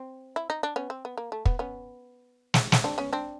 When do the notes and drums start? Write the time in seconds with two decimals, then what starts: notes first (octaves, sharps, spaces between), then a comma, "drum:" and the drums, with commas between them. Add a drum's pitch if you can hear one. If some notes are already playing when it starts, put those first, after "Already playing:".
Already playing: C4
0.36 E4
0.50 D#4
0.63 D4
0.76 B3 C#4
0.90 C4
1.05 B3
1.18 A#3
1.32 A3
1.45 B3, drum: kick
1.59 B3 C#4
2.54 drum: snare
2.72 drum: snare
2.84 C4 D4
2.98 B3 C#4
3.13 C4 D4